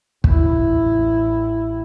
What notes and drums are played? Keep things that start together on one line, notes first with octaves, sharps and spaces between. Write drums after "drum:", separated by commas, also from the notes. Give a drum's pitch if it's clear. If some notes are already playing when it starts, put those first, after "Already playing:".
A1 E4, drum: kick